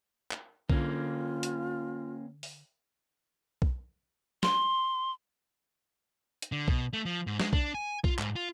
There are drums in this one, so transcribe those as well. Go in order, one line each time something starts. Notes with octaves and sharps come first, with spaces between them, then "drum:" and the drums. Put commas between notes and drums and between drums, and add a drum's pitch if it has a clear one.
drum: clap
D3 A#3 C#4 F4, drum: kick B1
drum: hi-hat
drum: open hi-hat
drum: kick B1
C6, drum: snare
drum: hi-hat
D3
B2, drum: kick B1
A3
F3
G#2
G#3, drum: snare
D4, drum: kick B1
G#5
F4, drum: kick B1
G#2, drum: clap
F4